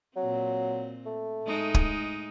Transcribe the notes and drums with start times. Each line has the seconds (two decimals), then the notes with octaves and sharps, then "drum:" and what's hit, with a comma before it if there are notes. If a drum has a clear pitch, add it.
0.16 A#2 F#3 C4
1.06 A3
1.45 A2 G#3 D#4
1.74 drum: kick